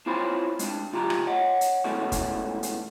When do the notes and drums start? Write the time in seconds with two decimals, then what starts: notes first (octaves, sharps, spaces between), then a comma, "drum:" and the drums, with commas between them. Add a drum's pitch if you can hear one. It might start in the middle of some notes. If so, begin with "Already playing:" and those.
0.06 C4 E4 F4 C5 C#5 B5
0.59 G#3 D4, drum: hi-hat
0.93 D2 F4 G4 A#5
1.10 drum: rim click
1.27 C#5 D#5 F#5
1.61 drum: hi-hat
1.84 G#2 B2 E3 A3 C#4 F#4
2.12 drum: kick, hi-hat
2.63 drum: hi-hat